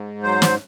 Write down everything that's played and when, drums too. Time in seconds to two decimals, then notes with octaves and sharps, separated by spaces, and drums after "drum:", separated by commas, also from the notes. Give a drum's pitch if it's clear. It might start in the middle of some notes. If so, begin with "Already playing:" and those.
Already playing: G#2
0.23 F#3 C5
0.42 drum: snare